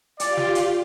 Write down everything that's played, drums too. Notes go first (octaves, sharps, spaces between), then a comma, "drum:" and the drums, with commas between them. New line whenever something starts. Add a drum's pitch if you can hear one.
F4 G4 D5, drum: hi-hat
drum: snare
drum: hi-hat